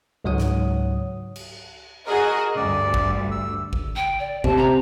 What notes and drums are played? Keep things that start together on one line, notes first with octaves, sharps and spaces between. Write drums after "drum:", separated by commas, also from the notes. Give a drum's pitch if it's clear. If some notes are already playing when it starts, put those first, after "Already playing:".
C#2 G#2 F#3 C#5 F#5 D#6
drum: snare
drum: cymbal
F#4 G#4 A#4 D#5
D2 G2 D5
drum: kick G#1
E6
drum: kick G#1
G5
D5
C3 A5, drum: kick G#1
A#5